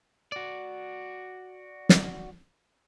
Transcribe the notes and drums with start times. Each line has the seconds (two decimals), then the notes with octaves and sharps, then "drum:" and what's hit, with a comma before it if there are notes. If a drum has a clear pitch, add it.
0.32 F#4 D5
1.89 drum: snare